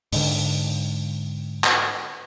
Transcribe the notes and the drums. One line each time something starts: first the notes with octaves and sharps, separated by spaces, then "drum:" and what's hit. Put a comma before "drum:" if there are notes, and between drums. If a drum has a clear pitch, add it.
G#2 D3, drum: open hi-hat
drum: clap